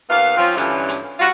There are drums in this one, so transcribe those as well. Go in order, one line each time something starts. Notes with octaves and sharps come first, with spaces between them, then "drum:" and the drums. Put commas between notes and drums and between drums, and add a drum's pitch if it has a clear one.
D#2 B3 F5
F3 C4 C#4 F4
G2 D3 E3 C#4, drum: hi-hat
drum: hi-hat
G3 F4 F#4